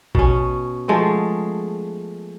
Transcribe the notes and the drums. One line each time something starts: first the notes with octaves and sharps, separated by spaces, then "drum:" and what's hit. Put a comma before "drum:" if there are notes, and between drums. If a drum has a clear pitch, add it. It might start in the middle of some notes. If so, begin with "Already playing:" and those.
B2 C#4, drum: kick A1
F3 G#3 A3 B3